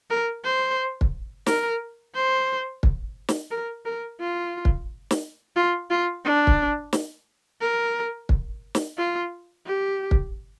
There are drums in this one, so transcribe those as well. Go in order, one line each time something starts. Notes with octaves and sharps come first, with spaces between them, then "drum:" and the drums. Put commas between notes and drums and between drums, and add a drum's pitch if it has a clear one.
A#4
C5
drum: kick
A#4, drum: snare
C5
drum: kick
drum: snare
A#4
A#4
F4
drum: kick
drum: snare
F4
F4
D4
drum: kick
drum: snare
A#4
drum: kick
drum: snare
F4
G4
drum: kick